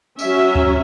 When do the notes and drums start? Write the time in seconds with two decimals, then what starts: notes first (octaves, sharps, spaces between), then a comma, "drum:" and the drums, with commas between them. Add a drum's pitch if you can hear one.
0.19 F#3 C#4 E5, drum: tambourine
0.55 drum: kick D2